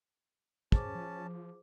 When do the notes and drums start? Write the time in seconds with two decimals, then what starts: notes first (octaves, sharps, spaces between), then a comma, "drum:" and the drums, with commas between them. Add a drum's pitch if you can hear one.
0.72 F#2 C#4 G#4 C5 A5 D6, drum: kick
0.95 F3